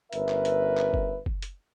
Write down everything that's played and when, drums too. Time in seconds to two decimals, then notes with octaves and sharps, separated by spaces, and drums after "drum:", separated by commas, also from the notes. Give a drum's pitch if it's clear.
0.13 G1 C#4 A#4 B4 E5, drum: hi-hat
0.29 drum: clap
0.45 drum: hi-hat
0.77 drum: clap
0.94 drum: kick
1.26 drum: kick
1.42 drum: hi-hat